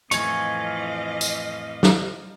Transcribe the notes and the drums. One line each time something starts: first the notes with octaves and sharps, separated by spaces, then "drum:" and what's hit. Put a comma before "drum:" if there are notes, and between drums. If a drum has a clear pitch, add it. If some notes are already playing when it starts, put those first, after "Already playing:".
F2 A2 E3 F3 D#5 F5 G#5 C#6, drum: hi-hat
drum: tambourine
drum: snare